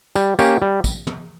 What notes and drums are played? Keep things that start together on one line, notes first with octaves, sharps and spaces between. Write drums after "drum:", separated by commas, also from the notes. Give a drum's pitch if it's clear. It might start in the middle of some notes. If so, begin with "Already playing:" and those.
G3, drum: tambourine
A#3 C#4 G4, drum: tambourine
G3
drum: kick, tambourine
drum: tom